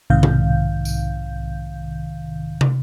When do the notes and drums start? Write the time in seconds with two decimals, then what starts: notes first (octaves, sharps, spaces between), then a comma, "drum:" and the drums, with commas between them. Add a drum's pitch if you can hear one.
0.10 B1 G#2 C3 D#3 F5 G6
0.23 drum: tom B2
0.85 drum: tambourine
2.61 drum: tom